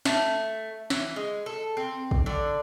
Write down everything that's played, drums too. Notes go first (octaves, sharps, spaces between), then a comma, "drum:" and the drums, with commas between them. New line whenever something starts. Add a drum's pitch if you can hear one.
A3, drum: snare
E3, drum: snare
G#3
A4
C4
drum: kick
D3